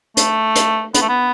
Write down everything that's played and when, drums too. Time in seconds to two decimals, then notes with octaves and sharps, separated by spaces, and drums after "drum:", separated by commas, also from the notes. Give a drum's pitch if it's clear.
0.17 A3, drum: hi-hat
0.56 drum: hi-hat
0.94 B3, drum: hi-hat
1.01 A3
1.09 B3